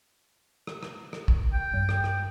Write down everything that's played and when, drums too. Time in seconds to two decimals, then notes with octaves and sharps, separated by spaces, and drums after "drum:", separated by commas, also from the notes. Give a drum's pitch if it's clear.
0.67 drum: rim click
0.83 drum: rim click
1.13 drum: rim click
1.28 drum: kick
1.53 G5
1.74 G2
1.89 drum: rim click
2.04 drum: rim click